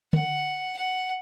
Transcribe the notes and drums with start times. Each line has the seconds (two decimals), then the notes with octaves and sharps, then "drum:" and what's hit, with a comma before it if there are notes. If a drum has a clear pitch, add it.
0.13 F#5, drum: tom D3
0.77 F#5